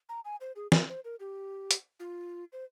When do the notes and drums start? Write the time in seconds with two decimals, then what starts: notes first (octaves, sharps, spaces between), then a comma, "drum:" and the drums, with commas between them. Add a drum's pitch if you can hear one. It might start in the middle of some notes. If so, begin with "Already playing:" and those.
0.09 A#5
0.25 G#5
0.41 C5
0.56 G#4
0.72 A#4, drum: snare
0.89 C5
1.04 A#4
1.20 G4
1.71 drum: hi-hat
2.00 F4
2.52 C5